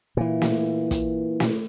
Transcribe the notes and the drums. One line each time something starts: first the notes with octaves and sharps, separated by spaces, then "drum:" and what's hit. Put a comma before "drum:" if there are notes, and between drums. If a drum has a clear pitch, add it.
A#2 E3
drum: snare
drum: kick, hi-hat
drum: snare